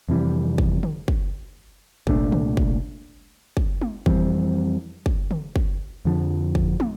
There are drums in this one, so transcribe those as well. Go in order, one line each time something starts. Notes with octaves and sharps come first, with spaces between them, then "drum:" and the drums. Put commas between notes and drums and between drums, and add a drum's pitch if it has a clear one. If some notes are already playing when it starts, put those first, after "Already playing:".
F2 C3 E3 G3
drum: kick
drum: tom
drum: kick
C2 A#2 A3 D4, drum: kick
drum: tom
drum: kick
drum: kick
drum: tom
F2 E3 G3 C4, drum: kick
drum: kick
drum: tom
drum: kick
F2 D3 F3
drum: kick
drum: tom